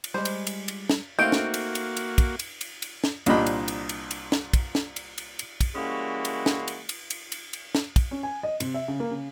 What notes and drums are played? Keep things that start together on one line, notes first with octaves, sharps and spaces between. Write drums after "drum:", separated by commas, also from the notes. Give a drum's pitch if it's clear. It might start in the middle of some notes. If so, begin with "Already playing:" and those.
drum: cymbal
G3 G#3 C5
drum: cymbal
drum: cymbal
drum: cymbal
drum: snare
A3 A#3 C4 D#4 F#4 F5 G6 D7
drum: snare
drum: cymbal
drum: cymbal
drum: cymbal
drum: kick, cymbal
drum: cymbal
drum: cymbal
drum: cymbal
drum: snare
C2 A#2 D4 G4 D#5 B5, drum: cymbal
drum: cymbal
drum: cymbal
drum: cymbal
drum: cymbal
drum: snare
drum: kick, cymbal
drum: snare
drum: cymbal
drum: cymbal
drum: cymbal
drum: kick, cymbal
E3 G3 G#3 A#3 C#4 F#4
drum: cymbal
drum: snare
drum: cymbal
drum: cymbal
drum: cymbal
drum: cymbal
drum: cymbal
drum: snare
drum: kick, cymbal
C#4
G#5
D#5
C3, drum: cymbal
E5
C#3
A#3
C#3